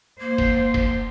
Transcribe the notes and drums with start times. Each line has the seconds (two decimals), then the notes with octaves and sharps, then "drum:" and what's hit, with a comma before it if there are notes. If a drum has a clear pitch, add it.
0.20 A#3 C5
0.38 drum: kick, cymbal
0.74 drum: kick, cymbal